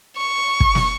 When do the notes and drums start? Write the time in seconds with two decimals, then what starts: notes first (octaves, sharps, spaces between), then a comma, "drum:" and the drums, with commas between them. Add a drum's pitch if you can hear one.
0.17 C#6
0.60 drum: kick
0.75 drum: snare